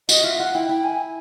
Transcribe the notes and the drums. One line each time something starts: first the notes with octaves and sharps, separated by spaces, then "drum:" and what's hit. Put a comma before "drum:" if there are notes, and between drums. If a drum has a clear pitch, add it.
F#4 D#5, drum: tambourine
F4 E5
F4 F#5
E4 G5
E4 G5
G#5